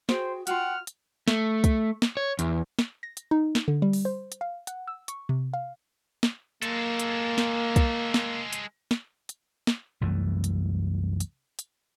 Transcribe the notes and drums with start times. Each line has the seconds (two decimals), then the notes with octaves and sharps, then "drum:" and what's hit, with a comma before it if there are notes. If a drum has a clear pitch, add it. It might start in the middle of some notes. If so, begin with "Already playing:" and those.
0.09 F#4 G#4 C5 G5, drum: snare
0.47 F4 F#4 F#5 G5 F6, drum: hi-hat
0.87 drum: hi-hat
1.28 A3, drum: snare
1.64 drum: kick, hi-hat
2.02 drum: snare
2.17 C#5
2.39 E2, drum: hi-hat
2.79 drum: snare
3.03 A#6
3.17 drum: hi-hat
3.31 D#4
3.55 drum: snare
3.68 D3
3.82 G3
3.93 drum: open hi-hat
4.05 C5
4.32 drum: hi-hat
4.41 F5
4.67 F#5, drum: hi-hat
4.87 E6
5.08 C#6, drum: hi-hat
5.29 C3
5.53 F5
6.23 drum: snare
6.62 G#3 A#3 A4, drum: hi-hat
6.99 drum: hi-hat
7.38 drum: snare
7.76 drum: kick, hi-hat
8.14 drum: snare
8.53 drum: hi-hat
8.91 drum: snare
9.29 drum: hi-hat
9.67 drum: snare
10.01 C2 F#2 E3 A3
10.44 drum: hi-hat
11.20 drum: hi-hat
11.59 drum: hi-hat